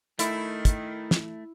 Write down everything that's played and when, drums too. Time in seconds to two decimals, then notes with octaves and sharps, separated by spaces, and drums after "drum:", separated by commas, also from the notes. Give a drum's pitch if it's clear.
0.19 D#3 A3 E4, drum: hi-hat
0.65 drum: kick, hi-hat
1.11 drum: snare